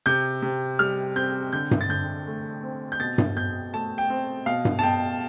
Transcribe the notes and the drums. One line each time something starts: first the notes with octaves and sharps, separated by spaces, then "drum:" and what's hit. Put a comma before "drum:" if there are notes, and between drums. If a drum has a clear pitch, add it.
C3 G6
C3
G3 F6
C4 G6
D3 G6
drum: tom G2
A6
D3 G6
A3
C4
G6
B2 A6
drum: tom G2
B2 G6
A3 A5
G5
C4
B2 F5
drum: tom G2
A5
B2 G5